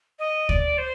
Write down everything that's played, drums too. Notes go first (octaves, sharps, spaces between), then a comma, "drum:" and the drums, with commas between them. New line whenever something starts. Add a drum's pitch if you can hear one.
D#5
D5, drum: kick
C5